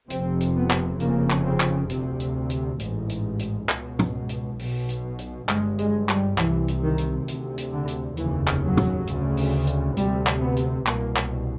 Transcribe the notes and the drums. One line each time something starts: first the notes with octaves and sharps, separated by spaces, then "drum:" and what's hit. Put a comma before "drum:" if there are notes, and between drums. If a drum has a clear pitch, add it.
F1 F2 C3 C4, drum: hi-hat
drum: hi-hat
B3
drum: clap
F1 F2 C#3 A#3, drum: hi-hat
drum: clap
C4
drum: clap
D2 C3, drum: hi-hat
drum: hi-hat
drum: hi-hat
A1 G#2, drum: hi-hat
drum: hi-hat
drum: hi-hat
C#2 B2, drum: clap
drum: tom
drum: hi-hat
B1 B2, drum: open hi-hat
drum: hi-hat
drum: hi-hat
G1 G2 G#3, drum: clap
G#3, drum: hi-hat
G3, drum: clap
C2 C3 E3, drum: clap
drum: hi-hat
D#3
drum: hi-hat
D2 C3, drum: hi-hat
drum: hi-hat
D3
drum: hi-hat
F1 D#2 C#3 E3, drum: hi-hat
drum: clap
F#3
drum: tom
D2 C#3, drum: hi-hat
drum: open hi-hat
drum: hi-hat
D2 C3 G3, drum: hi-hat
drum: clap
B3
drum: hi-hat
C2 B2 A#3, drum: clap
drum: clap